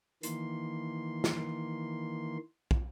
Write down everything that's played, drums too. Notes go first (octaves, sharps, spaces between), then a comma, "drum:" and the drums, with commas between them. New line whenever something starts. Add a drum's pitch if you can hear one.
D#3 E3 A#3 C6, drum: hi-hat
drum: snare
drum: kick